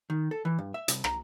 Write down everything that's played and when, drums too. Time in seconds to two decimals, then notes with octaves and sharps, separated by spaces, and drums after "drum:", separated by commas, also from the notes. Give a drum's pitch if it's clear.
0.10 D#3
0.31 A4
0.45 E3
0.59 G2
0.74 E5
0.88 C2, drum: hi-hat
1.04 A#5, drum: rim click